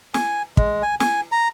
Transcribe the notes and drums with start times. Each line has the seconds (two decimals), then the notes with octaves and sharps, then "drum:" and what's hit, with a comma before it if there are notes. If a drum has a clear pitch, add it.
0.14 G#5, drum: snare
0.57 G#3, drum: kick
0.82 G#5
1.00 G#5, drum: snare
1.32 A#5